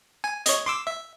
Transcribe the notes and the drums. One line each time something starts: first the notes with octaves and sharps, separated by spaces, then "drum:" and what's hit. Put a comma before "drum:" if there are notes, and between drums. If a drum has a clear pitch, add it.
G#5
C#5 D#5, drum: hi-hat
C6 D6 E6
E5